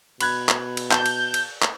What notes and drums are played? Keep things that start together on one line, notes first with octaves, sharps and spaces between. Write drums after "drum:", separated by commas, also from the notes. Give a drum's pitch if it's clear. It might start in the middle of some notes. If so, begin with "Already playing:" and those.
B2 B5 F#6 G#6, drum: cymbal
drum: clap
drum: cymbal
A5 G6, drum: clap
drum: cymbal
drum: cymbal
drum: clap